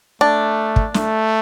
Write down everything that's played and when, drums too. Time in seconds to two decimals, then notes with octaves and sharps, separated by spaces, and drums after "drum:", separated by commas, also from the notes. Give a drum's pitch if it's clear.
0.21 A3 D4
0.76 drum: kick
0.94 A3, drum: snare